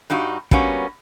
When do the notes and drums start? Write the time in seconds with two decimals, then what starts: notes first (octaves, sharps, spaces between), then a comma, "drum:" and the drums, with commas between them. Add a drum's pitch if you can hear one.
0.10 G2 G3 D#4 F#4
0.51 G3 A#3 B3 C#4 F#4, drum: kick